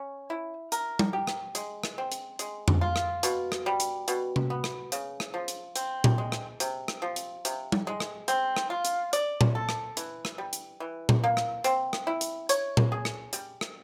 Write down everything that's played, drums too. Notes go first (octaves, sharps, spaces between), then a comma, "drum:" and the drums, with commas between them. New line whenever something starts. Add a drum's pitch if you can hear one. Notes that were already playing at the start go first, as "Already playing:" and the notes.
Already playing: C#4
E4
A#4, drum: hi-hat
drum: tom G3
G4
drum: rim click
G#3, drum: hi-hat
drum: rim click
C4
drum: hi-hat
G#3, drum: hi-hat
drum: tom F2
F4
drum: rim click
B2, drum: hi-hat
drum: rim click
G3
drum: hi-hat
B2, drum: hi-hat
drum: tom C3
B3
drum: rim click
C#3, drum: hi-hat
drum: rim click
F3
drum: hi-hat
C4, drum: hi-hat
drum: tom A#2
G#3
drum: rim click
C3, drum: hi-hat
drum: rim click
F3
drum: hi-hat
C3, drum: hi-hat
drum: tom G3
G#3
drum: rim click
C4, drum: hi-hat
drum: rim click
F4
drum: hi-hat
D5, drum: hi-hat
drum: tom A#2
A4
drum: rim click
E3, drum: hi-hat
drum: rim click
G3
drum: hi-hat
E3
drum: tom A#2
A#3
drum: rim click
C4, drum: hi-hat
drum: rim click
E4
drum: hi-hat
C#5, drum: hi-hat
drum: tom A#2
G#4
drum: rim click
G3, drum: hi-hat
drum: rim click